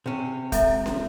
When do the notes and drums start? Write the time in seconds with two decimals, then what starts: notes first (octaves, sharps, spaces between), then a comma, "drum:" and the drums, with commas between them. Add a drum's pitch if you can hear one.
0.06 C3 C#4
0.52 G#3 C4 A4 E5, drum: kick, hi-hat
0.86 drum: snare